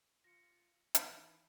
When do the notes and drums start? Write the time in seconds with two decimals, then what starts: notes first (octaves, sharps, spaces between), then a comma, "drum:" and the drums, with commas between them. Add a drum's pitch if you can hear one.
0.24 F4 A#6 C#7
0.95 D#3 E3 G#5 B5, drum: hi-hat